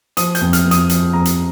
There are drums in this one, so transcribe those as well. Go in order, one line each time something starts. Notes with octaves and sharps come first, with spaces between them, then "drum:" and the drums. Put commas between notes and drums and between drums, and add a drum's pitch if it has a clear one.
F3 D#6, drum: hi-hat
G6, drum: hi-hat
F2
F6, drum: hi-hat
F2
D#6, drum: hi-hat
F3, drum: hi-hat
F2 A#5
drum: hi-hat